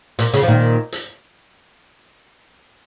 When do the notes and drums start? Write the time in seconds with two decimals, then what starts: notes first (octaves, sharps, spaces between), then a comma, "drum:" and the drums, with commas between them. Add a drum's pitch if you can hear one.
0.19 A#2, drum: hi-hat
0.34 C#3, drum: hi-hat
0.43 F3
0.48 A#2 D#3
0.92 drum: hi-hat